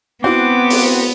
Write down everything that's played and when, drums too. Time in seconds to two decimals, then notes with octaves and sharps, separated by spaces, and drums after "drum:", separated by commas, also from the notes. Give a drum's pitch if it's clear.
0.24 B3 C4 E4 F#4 D6
0.70 drum: open hi-hat